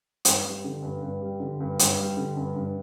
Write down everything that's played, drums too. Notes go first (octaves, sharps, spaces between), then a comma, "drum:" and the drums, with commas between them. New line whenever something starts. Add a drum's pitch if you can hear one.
G2, drum: hi-hat
G3
D3
G2
G2
G3
D3
G2
G2, drum: hi-hat
G3
D3
G2
G2